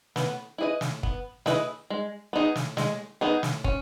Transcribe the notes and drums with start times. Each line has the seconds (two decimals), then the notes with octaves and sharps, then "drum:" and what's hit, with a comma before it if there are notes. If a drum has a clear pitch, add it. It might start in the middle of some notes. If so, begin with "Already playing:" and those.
0.16 B3, drum: snare
0.58 E4 G#4 B4 D#5
0.81 drum: snare
1.03 B3, drum: kick
1.46 E4 G#4 B4 D#5, drum: snare
1.90 G#3
2.33 B3 D#4 G#4
2.55 drum: snare
2.77 G#3, drum: snare
3.21 B3 D#4 G#4
3.43 drum: snare
3.64 C#4, drum: kick